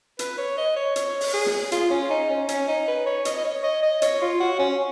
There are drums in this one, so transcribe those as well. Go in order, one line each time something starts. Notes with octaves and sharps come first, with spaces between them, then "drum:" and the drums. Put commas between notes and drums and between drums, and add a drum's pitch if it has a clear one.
B4, drum: hi-hat
C#5
D#5
C#5
C#5, drum: hi-hat
drum: open hi-hat
G#4
drum: snare
F4, drum: hi-hat
C#4
D#4
C#4
C#4, drum: hi-hat
D#4
B4
C#5
D#5, drum: hi-hat
D#5
C#5
D#5
D#5
C#5, drum: hi-hat
F4
F#4
C#4